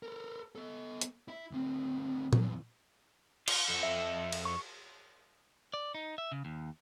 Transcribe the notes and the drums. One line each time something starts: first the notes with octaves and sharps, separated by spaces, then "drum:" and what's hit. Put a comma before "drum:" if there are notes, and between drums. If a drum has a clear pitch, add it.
A4 A#4
B3 A4
drum: hi-hat
E4 E5
D2 C4
F2 E3, drum: tom A#2
F4, drum: cymbal
F2 A4
E5
drum: cymbal
C#6
D5
D#4
E5
C#3
D#2